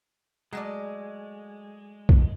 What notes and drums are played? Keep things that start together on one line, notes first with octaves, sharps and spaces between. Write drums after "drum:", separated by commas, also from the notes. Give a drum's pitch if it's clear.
F#3 G#3 A3 D5
drum: kick B1